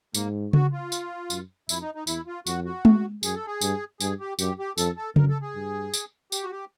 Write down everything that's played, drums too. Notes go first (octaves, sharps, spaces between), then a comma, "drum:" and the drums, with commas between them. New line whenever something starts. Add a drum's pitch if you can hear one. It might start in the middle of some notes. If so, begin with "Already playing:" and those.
G#2 A#3, drum: tambourine
F#4, drum: tom C#3
F4
drum: tambourine
F#2, drum: tambourine
F2 E4, drum: tambourine
D#4
D#4
E2 E4, drum: tambourine
F4
F2 F#4, drum: tambourine
F#4
drum: tom G#3
F#2 G#4, drum: tambourine
A4
G#4
G2, drum: tambourine
G2 G#4, drum: tambourine
G4
F#2 G4, drum: tambourine
G4
F2 A4, drum: tambourine
A4
F#2 A#4, drum: tom C#3
A4
G#4
G2
drum: tambourine
G4, drum: tambourine
F#4
G4